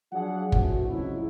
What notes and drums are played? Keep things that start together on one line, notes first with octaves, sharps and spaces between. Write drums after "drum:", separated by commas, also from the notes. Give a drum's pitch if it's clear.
F3 F#3 D4 F4 G#4 F#5
F2 A2 D3 E3 A3 F#4, drum: kick
C#3 F3 F#3 G#3 E4